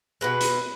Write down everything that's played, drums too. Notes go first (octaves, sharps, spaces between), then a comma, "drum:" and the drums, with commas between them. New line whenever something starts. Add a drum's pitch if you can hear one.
B2 G#3 B4
drum: hi-hat